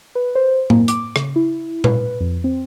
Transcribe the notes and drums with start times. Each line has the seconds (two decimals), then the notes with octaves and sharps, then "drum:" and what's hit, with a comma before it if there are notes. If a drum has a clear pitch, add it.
0.15 B4
0.35 C5
0.70 A#3, drum: tom A2
0.88 D6, drum: hi-hat
1.16 C#3, drum: rim click
1.36 E4
1.84 B4, drum: tom A#2
2.20 F2
2.44 C4